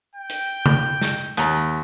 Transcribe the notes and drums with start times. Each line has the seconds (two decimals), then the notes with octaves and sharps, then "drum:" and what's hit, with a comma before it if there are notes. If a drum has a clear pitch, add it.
0.15 G5
0.30 drum: hi-hat
0.66 drum: tom C#3
1.02 drum: snare
1.37 D#2 A#5, drum: hi-hat